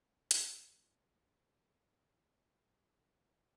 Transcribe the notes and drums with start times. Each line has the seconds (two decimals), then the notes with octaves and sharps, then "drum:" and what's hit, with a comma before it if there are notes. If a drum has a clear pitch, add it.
0.31 B5, drum: hi-hat
0.64 C6
0.89 D#3
1.06 F#4
1.87 C5
2.19 C#6
2.41 E5
2.86 A#3